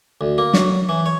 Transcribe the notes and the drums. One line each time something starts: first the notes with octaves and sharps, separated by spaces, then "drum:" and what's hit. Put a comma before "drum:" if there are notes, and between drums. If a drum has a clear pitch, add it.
D2
A#3
F#3, drum: snare
E3
C#5